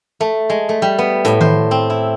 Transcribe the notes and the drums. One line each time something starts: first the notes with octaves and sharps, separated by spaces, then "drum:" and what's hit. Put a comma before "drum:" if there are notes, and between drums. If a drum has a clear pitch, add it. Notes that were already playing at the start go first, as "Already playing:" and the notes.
A3
G#3
A3
G3
B3
A2, drum: hi-hat
C5, drum: tom D#3
C4
E4